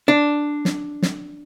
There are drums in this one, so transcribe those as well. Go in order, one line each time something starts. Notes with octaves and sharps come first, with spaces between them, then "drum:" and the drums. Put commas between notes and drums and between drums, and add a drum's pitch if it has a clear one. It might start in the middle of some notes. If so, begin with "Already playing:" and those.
D4
drum: snare
drum: snare